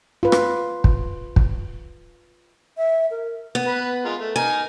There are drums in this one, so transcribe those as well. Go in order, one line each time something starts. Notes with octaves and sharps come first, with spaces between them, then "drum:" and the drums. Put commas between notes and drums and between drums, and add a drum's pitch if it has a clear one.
F4 B4
drum: rim click
drum: kick
drum: kick
E5
A#4
B3
B4 B5
G#3 F4 A#4
A3
D#4 A#4 G#5